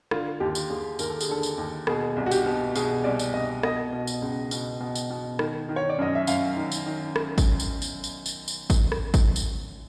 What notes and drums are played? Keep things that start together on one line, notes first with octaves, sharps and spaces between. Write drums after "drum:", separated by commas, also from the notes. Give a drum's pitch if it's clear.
D3 F4, drum: rim click
D#2 G4
drum: tambourine
D#2 G#4
D#2 A#4, drum: tambourine
A4
G#4, drum: tambourine
D3 A4
drum: tambourine
D#2
B2 G#4, drum: rim click
C2
F#4
G4, drum: tambourine
B2
B2 G#4, drum: tambourine
C2 D5
drum: tambourine
C2 D#5
B2 D#5, drum: rim click
B2
drum: tambourine
C#2
B2, drum: tambourine
B2
drum: tambourine
B2
D#3, drum: rim click
D#3
C#5
D5
F#2 D#5
E5
F#2 F5, drum: tambourine
D#3
drum: tambourine
D#3
drum: rim click
drum: kick G#1, tambourine
drum: tambourine
drum: tambourine
drum: tambourine
drum: tambourine
drum: tambourine
drum: kick G#1, tambourine
drum: rim click
drum: kick G#1, tambourine
drum: tambourine